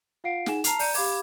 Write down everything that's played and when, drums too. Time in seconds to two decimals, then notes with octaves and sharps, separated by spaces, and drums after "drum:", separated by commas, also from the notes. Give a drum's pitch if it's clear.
0.24 F4 F5 F#5 C7 D7
0.46 D#4 G#4 F#5 G#5 E7, drum: snare
0.64 A5 A#5 F6 C7 F7, drum: hi-hat
0.79 D5 A#5 G6 C#7 D#7, drum: open hi-hat
0.94 G4 F5 B5 D6 G#6, drum: open hi-hat